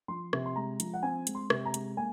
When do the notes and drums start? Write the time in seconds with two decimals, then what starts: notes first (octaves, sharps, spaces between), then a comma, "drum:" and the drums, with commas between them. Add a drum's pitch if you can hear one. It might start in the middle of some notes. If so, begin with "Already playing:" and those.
0.08 F3 C6
0.33 C3, drum: rim click
0.46 C6
0.56 G#3 A#5
0.80 F3, drum: hi-hat
0.94 F#5
1.03 C4 G#5
1.27 G#3, drum: hi-hat
1.35 C6
1.50 C3, drum: rim click
1.65 A#5
1.74 G#3, drum: hi-hat
1.97 A#3 G#5